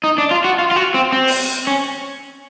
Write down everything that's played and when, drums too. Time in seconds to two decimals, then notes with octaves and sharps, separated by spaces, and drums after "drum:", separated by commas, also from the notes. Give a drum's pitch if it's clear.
0.04 D#4
0.18 D4
0.31 F4
0.44 F#4
0.59 F4
0.71 F4
0.76 F#4
0.94 C4
1.12 C4
1.27 drum: open hi-hat
1.67 C#4